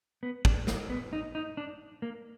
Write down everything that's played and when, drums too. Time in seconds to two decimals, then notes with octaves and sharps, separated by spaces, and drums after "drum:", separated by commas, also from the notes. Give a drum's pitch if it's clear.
0.23 B3
0.45 D4, drum: kick
0.67 A#3, drum: snare
0.90 B3
1.13 D#4
1.35 D#4
1.57 D4
2.02 A#3